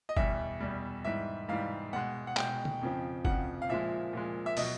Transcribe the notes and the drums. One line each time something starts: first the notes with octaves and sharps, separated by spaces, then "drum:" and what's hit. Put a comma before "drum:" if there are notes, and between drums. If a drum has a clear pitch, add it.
D#5
E2 B2 G3 E5, drum: kick
E2 B2 G3
G#2 E3 G3 E5
G#2 E3 G3 F5
B2 G#3 F#5
F#5
B2 G#3 G5, drum: clap
drum: tom D3
F2 C#3 F3
F2 C#3 F3 F#5, drum: kick
F5
A#2 F3 G#3 E5
A#2 F3 G#3
E5
B2 F#3 D#5, drum: open hi-hat